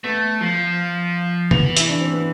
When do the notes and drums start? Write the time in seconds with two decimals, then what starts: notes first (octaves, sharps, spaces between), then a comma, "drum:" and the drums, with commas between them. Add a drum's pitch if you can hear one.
0.04 A3 B3
0.41 F3
1.51 E3 B3, drum: tom
1.77 E4, drum: hi-hat
1.89 D4
2.01 C4
2.12 B3